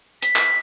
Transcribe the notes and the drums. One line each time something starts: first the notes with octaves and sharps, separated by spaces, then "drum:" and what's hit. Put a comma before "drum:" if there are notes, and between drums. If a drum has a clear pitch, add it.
B6, drum: hi-hat
drum: clap